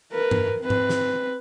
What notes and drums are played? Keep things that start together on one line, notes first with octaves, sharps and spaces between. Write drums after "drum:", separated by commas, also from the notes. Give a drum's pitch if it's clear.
A#4 B4
drum: tom G2
C4 B4
drum: tom G#2
drum: snare